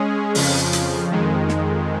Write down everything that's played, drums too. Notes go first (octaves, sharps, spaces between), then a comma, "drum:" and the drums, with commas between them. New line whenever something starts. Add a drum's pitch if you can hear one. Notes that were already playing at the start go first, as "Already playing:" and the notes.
Already playing: G#3 C#4 G#4
F2 C#3 F3, drum: open hi-hat
drum: hi-hat
F2 D#3 G#3
drum: snare